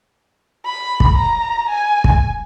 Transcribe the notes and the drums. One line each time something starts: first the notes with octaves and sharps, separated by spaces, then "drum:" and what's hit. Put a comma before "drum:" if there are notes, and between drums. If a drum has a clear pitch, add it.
B5
drum: kick
A#5
G#5
drum: kick